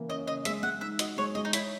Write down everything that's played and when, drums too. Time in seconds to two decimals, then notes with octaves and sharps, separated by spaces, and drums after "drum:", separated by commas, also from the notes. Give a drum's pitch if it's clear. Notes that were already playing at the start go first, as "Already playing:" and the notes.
Already playing: C#3 E3 A#3
0.09 C#4 D#5
0.27 C#3 D#5
0.45 G#3 E5, drum: hi-hat
0.63 G#3 F#5
0.81 D#4 E5
0.99 F#4 D#5, drum: hi-hat
1.17 G#3 C#5
1.35 G#3 D#5
1.45 D#4
1.53 E4 C#5, drum: hi-hat